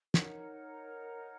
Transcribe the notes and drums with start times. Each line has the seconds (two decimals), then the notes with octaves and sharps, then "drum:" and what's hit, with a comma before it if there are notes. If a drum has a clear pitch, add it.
0.14 D#4 A#4 C#5 F#5, drum: snare